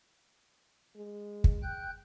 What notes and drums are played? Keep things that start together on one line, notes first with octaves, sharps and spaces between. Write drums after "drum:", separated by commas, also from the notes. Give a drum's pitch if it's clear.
G#3
drum: kick
G5 F#6 G6